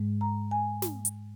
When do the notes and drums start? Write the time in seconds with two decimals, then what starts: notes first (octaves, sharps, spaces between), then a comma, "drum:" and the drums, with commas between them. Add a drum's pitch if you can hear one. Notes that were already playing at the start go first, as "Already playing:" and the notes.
Already playing: G#2 G#3
0.21 A#5
0.51 G#5
0.82 drum: snare
1.05 drum: hi-hat